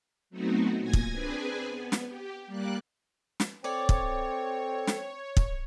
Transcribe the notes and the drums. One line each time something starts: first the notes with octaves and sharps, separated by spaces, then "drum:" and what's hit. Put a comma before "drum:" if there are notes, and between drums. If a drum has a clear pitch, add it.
F#3 A3 B3 C4 D#4 F#4
A#2 G#5 G#6 A#6
drum: kick
C4 D4 G#4 B4 G#5
B3
drum: snare
G4
G3 A#3 D5 F#6
drum: snare
C4 A4 C#5 D5
drum: kick
drum: snare
drum: kick